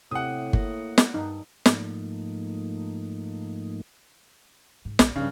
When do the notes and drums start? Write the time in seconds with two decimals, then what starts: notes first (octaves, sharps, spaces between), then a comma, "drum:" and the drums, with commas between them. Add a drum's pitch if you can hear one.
0.11 A2 C3 F#5 D#6
0.53 A#3, drum: kick G1
0.98 drum: snare
1.14 G2 D#4
1.66 G#2 F3 A3 A#3 D#4, drum: snare
4.85 G#2
4.99 A#1, drum: snare
5.15 G2 C#3 F3